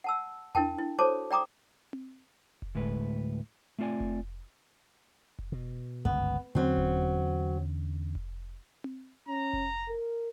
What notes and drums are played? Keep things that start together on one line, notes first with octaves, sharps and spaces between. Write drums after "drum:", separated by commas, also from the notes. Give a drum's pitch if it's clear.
F#5 A5 E6
D4 E4 A#4 G5 A5, drum: tom E2
E4
F#4 A4 C5 C#5 A5 D6
D5 G5 A#5 D6 D#6
drum: tom C4
drum: kick F1
D2 A2 G#3 B4
A3 C4 F4 D5 G#5
drum: kick F1
drum: kick F1
B2
G1 C#2 F#2 B3
E2 D3 F#3 C4 C#4
drum: kick F1
drum: kick F1
drum: tom C4
C#4 A#5
drum: kick F1
A#4